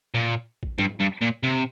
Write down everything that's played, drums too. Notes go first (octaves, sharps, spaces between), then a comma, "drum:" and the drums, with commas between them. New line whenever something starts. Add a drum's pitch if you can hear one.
A#2
drum: kick A#1
G2, drum: tom G#2
G2
A#2
C3